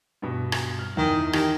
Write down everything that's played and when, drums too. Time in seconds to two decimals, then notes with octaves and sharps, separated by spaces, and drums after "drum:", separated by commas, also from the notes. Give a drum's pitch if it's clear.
0.22 G2 B2
0.52 drum: rim click
0.79 F6
0.97 E2 D#3 D#6
1.33 D#3 G4, drum: rim click